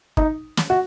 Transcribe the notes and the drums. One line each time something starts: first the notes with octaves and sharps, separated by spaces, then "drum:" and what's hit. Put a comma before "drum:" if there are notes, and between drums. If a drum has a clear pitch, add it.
D#4, drum: kick
drum: snare
F#4